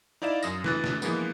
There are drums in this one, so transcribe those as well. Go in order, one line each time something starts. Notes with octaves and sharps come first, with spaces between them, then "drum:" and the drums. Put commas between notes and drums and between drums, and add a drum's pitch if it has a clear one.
D#4 E4 D5 F5 E7
F#2 D#6 A#6, drum: tambourine
E3 F#6 A6, drum: snare
drum: snare
E3 F3 G#3 A#3 B3, drum: tambourine